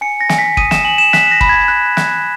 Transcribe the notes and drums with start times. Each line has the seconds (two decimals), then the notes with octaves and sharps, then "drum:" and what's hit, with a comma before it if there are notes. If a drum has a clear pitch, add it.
0.01 G#5 C#7
0.21 A#6
0.29 G#5, drum: snare
0.38 B6
0.57 D#6 D#7, drum: kick
0.71 E7, drum: snare
0.85 G#5 F#7
0.98 E7
1.13 F#6 B6, drum: snare
1.31 A#6
1.41 B5, drum: kick
1.49 G#6
1.68 F#6
1.97 F#6, drum: snare